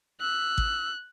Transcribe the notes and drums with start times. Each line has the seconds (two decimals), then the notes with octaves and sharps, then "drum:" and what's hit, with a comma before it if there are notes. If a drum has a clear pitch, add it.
0.21 E6 F#6
0.58 drum: kick